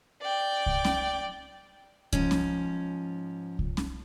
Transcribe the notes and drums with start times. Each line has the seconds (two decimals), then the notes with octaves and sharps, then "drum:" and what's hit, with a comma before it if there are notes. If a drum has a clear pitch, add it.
0.22 D5 G5
0.66 drum: kick C2
0.85 drum: snare C#4
2.13 G#2 F3 C#4, drum: kick C2
2.31 drum: snare C#4
3.59 drum: kick C2
3.77 drum: snare C#4